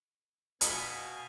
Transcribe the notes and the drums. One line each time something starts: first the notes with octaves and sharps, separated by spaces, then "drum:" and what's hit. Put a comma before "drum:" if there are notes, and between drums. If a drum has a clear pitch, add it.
B2 F5 G#5 D#6 B6 C#7, drum: hi-hat